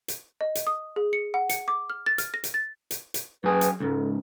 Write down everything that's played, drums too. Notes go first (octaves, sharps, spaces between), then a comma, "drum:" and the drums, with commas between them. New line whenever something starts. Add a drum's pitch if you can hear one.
drum: hi-hat
D#5
drum: hi-hat
D#6
G#4
C#7
F#5
C#7, drum: hi-hat
D6
F6
A6
F6, drum: hi-hat
A#6
drum: hi-hat
A6
drum: hi-hat
drum: hi-hat
F#2 G#4 B4
drum: hi-hat
C#2 G#2 A4